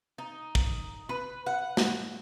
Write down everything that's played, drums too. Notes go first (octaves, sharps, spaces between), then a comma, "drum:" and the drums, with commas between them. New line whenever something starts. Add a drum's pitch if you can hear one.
D#4
drum: kick
B4
F#5
drum: snare